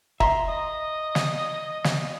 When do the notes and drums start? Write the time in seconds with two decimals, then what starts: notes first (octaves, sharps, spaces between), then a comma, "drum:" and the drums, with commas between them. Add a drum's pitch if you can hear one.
0.20 E5 A#5 C6, drum: kick
0.47 D#5
1.15 drum: snare
1.84 drum: snare